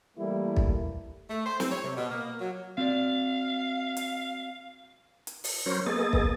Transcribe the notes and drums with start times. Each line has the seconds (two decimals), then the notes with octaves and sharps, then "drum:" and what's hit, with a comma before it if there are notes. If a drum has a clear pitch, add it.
0.18 E3 G3 A3 A#3 E4
0.57 drum: kick
1.29 A3
1.45 C5
1.60 C4, drum: snare
1.71 C#5
1.83 C3
1.97 B2
2.10 A#3
2.40 F#3
2.78 C4 F#4 D5 F5
3.97 drum: hi-hat
5.27 drum: hi-hat
5.44 drum: open hi-hat
5.66 F#3 C#4 A#4 C5 C#5
5.86 A#3 B3 G#4 A4 D#5 A6
6.13 drum: kick